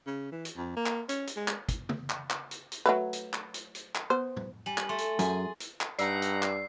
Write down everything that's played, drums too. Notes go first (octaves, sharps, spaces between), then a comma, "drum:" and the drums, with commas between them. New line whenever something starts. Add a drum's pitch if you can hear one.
C#3
E3
drum: hi-hat
F2
A#3
drum: clap
C#4, drum: hi-hat
drum: hi-hat
G#3
drum: clap
drum: kick, hi-hat
drum: tom
drum: clap
drum: clap
drum: hi-hat
drum: hi-hat
F#3 A3 B4
drum: hi-hat
drum: clap
drum: hi-hat
drum: hi-hat
drum: clap
B3 C5
drum: tom A2
G3 G#5 F#7
drum: clap
A3 C6 A6
drum: hi-hat
F#2 G#4 G#5, drum: hi-hat
drum: hi-hat
drum: clap
G2 D#4 D5 F#5 A#5 E6 C7, drum: hi-hat
drum: hi-hat
drum: clap